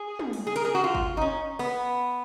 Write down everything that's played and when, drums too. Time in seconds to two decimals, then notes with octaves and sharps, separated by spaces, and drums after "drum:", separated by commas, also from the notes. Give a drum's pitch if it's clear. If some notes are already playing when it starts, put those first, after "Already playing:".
Already playing: G#4
0.19 drum: tom
0.33 drum: open hi-hat
0.47 G#4
0.56 A#4, drum: cymbal
0.65 G#4
0.75 F#4
0.84 F4
0.95 drum: kick
1.17 D#4
1.21 C#4
1.59 B3, drum: cymbal